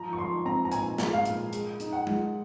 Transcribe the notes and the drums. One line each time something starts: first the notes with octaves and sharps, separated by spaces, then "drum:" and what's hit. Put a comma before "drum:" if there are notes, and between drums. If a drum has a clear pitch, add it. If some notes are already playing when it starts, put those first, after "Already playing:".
Already playing: F3 A#5
C#6
F3 C6
C4 A#5
A#5
A#2 G#5, drum: hi-hat
G#3, drum: snare
F5
A#2, drum: hi-hat
G#3, drum: hi-hat
D#4, drum: hi-hat
F#5
G#3, drum: tom G#3